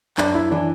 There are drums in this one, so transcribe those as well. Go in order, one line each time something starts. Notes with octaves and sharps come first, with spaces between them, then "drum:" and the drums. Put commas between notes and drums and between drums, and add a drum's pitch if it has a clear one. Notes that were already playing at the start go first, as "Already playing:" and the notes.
F#2 D4, drum: clap
E4
E3 D4